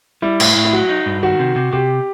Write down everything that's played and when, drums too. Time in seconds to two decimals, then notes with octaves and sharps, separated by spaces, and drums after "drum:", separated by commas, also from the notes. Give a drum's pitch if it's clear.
0.22 G3 E4
0.40 A2, drum: cymbal
0.56 A2
0.65 E4
0.73 F#3 F#4
0.89 D#4
1.06 G2
1.23 D#3 F#4
1.39 C3
1.56 C3
1.73 C3 G4